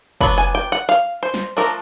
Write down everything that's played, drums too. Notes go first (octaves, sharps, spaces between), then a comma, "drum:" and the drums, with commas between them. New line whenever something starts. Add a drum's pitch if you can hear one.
F#3 B3 D4 B5, drum: kick
G#5
G5
F#5
F5
C5
drum: snare
F3 A3 D4 A#4